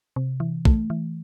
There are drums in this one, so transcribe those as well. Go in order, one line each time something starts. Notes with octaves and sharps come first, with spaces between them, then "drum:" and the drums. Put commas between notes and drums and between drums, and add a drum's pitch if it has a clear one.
C3
E3
A3, drum: kick
E3